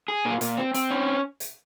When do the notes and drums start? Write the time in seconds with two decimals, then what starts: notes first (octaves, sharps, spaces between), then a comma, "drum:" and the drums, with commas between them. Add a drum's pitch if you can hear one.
0.08 G#4
0.25 A#2
0.41 A#2, drum: hi-hat
0.57 C4
0.74 C4, drum: hi-hat
0.91 C#4
1.40 drum: hi-hat